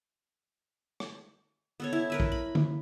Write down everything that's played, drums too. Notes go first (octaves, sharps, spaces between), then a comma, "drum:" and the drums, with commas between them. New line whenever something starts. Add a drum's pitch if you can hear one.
drum: rim click
B3 A4 C#5
E4
A#4 B4 E5
drum: kick
B5
drum: tom D3